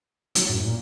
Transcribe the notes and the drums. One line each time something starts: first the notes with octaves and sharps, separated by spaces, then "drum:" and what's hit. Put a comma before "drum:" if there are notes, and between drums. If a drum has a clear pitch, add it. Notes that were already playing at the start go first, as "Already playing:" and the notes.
F#3, drum: hi-hat
F#2 A2
A#2